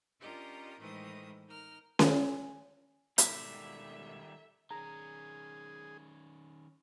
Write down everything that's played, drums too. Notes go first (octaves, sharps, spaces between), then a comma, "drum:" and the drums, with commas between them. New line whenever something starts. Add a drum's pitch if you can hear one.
C#4 D4 F4 G4 A#4 D#5
A2 D#3 E3 G#3 C5 D#6
D#4 A#4 F6
G#5, drum: snare C#4
G#2 B2 D#3 G3 A4 D5 E5 B6, drum: hi-hat
D#3 C#4 G#4 A#5